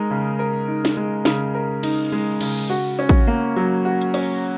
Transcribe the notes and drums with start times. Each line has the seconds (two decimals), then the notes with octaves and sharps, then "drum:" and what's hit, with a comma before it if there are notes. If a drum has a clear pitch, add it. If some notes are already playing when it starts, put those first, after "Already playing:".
Already playing: G#3 D#4 A#4
0.11 C#3
0.39 A#4
0.68 D#4
0.85 drum: snare
0.97 G#3
1.25 C#3, drum: snare
1.55 A#4
1.83 D#4, drum: cymbal
2.12 G#3
2.41 C#3, drum: cymbal
2.70 F#4
2.99 C#4
3.09 drum: kick
3.27 A#3
3.56 F#3
3.85 F#4
4.01 drum: hi-hat
4.14 C#4, drum: cymbal